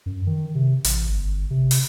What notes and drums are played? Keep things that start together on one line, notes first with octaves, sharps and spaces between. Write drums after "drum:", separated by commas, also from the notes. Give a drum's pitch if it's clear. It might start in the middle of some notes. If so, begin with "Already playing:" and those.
F#2
D#3
C3
A1, drum: hi-hat
G1
C3
drum: open hi-hat